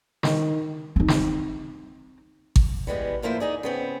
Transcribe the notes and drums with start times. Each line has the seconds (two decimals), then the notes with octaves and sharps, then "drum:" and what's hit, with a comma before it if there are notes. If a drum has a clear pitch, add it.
0.23 D#3, drum: snare
0.96 C4 D#4
1.08 drum: snare
2.56 drum: kick G#1
2.87 E3 G3 G#3 B3
3.22 A2 F3 A#3 E4 C5
3.40 D#4 G#4 D5
3.63 C#3 B3 C4